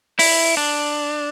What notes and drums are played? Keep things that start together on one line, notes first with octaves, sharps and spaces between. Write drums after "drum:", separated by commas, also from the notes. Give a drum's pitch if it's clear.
E4, drum: open hi-hat
D4